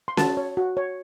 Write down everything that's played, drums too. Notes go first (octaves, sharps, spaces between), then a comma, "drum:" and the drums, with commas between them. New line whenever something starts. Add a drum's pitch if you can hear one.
C6
F#4 A5, drum: snare C#4
C#5
F#4
C#5